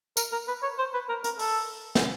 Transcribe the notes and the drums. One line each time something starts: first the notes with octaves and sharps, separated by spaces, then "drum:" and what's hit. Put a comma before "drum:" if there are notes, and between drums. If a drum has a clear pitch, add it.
A#4, drum: tambourine
A#4
B4
C#5
C5
B4
A#4
A#4, drum: hi-hat
A4, drum: open hi-hat
drum: snare